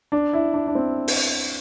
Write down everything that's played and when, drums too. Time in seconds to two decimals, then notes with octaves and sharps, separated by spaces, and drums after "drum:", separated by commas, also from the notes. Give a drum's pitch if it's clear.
0.12 D4
0.33 E4
0.54 D4
0.67 D4
0.75 C4
1.08 drum: open hi-hat